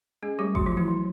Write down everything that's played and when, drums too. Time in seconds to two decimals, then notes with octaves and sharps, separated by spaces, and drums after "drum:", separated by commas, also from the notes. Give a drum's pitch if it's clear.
0.22 G#3 C#4 G#4
0.39 G3 A3 G4
0.55 F#3 A3 F#4, drum: kick G#1
0.66 F3 F4
0.72 A3
0.77 E3 E4
0.88 F#3